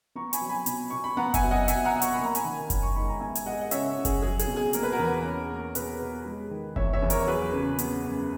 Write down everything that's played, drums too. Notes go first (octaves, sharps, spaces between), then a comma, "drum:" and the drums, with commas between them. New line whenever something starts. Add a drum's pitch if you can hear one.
B3 A#5 C#6
G#5 B5, drum: hi-hat
F#3
G#5 B5
B2, drum: hi-hat
B2 C#6
B5
B3 F#5 A#5
E5 G#5, drum: kick F#1, hi-hat
F#3
D#5 F#5
B2 E5 G#5, drum: hi-hat
F#5 A#5
B2
C#6, drum: hi-hat
B5
A#3
A#5
G#5 B5, drum: hi-hat
D#3
C#4, drum: kick F#1, hi-hat
C#6
G#2 B5
A#5
B3 E5 G#5
G#5, drum: hi-hat
G#3 D#5 F#5
D#5
C#3 C#5 E5, drum: hi-hat
C#3
G#4, drum: kick F#1, hi-hat
F#3 G#4
G#4, drum: hi-hat
B2
G#4
A#3 A#4, drum: hi-hat
B4
F#4 A#4
E2
C#4
A#3
B2 G#4 B4, drum: hi-hat
B2
G#3
D#3
E2 C#5 E5, drum: kick F#1
C#5 E5
E2
A#4 C#5, drum: hi-hat
C#5
F#3 G#4 B4
C#3
B3, drum: hi-hat
F#2